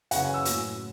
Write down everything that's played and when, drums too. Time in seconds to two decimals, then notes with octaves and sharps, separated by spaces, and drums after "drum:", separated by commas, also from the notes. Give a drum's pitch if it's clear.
0.11 F#2 C#3 E3 F#5, drum: hi-hat
0.22 G#5
0.34 E6
0.45 A2 F#3 E6, drum: hi-hat